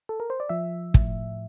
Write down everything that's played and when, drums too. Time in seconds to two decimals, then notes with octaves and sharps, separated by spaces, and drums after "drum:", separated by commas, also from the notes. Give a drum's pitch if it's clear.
0.09 A4
0.20 A#4
0.30 C5
0.40 D5
0.49 F3 E5
0.94 A2, drum: kick